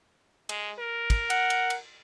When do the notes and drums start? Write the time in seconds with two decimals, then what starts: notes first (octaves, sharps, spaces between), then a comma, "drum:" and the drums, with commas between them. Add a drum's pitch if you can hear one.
0.49 G#3, drum: cymbal
0.79 A#4
1.10 drum: kick, cymbal
1.30 F#5, drum: cymbal
1.50 drum: cymbal
1.70 drum: cymbal